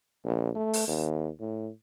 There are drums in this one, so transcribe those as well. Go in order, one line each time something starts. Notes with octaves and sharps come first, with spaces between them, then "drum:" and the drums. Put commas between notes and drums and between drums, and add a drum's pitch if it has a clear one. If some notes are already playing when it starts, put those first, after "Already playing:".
A#1
A3
drum: open hi-hat
D#2
A2